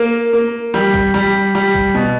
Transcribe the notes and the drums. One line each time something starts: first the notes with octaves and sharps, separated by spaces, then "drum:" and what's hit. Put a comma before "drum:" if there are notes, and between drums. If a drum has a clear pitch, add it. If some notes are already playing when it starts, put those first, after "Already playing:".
Already playing: A#3
A#3
G3, drum: snare
drum: kick
G3, drum: snare
G3
drum: kick
B2